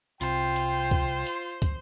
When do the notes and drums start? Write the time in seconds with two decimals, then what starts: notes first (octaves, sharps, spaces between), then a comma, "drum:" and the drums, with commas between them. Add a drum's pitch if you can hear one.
0.21 C2 C3 F4 C5 G5, drum: hi-hat
0.56 drum: hi-hat
0.91 drum: kick
1.27 drum: hi-hat
1.62 drum: kick, hi-hat